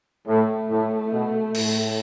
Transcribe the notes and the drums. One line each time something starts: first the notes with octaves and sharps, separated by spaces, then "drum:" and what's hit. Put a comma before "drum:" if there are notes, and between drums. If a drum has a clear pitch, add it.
A2 A3
A2
B2
A2, drum: cymbal